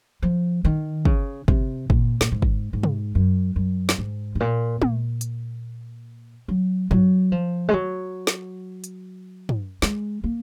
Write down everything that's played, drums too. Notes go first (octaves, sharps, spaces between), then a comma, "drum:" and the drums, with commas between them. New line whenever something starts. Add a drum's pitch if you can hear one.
F3
D#3
C#3, drum: kick
C3, drum: kick
A#2, drum: kick
A#2, drum: snare
G#2
drum: kick
G#2
drum: tom
F#2
F#2
drum: snare
G#2
G#2
A#2
A#2, drum: tom
drum: hi-hat
F#3
F#3, drum: tom
F3
G#3
F#3
drum: snare
drum: hi-hat
drum: tom
G#3, drum: snare
A#3